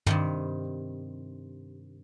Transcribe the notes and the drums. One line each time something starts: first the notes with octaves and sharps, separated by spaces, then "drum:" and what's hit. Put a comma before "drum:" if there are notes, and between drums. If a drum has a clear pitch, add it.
G2 C3 D#3, drum: tom